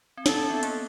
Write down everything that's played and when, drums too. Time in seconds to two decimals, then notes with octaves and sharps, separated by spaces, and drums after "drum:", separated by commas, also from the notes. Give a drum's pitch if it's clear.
0.17 C4
0.26 C#4 A4, drum: snare
0.38 C4
0.50 B3
0.63 A#3, drum: hi-hat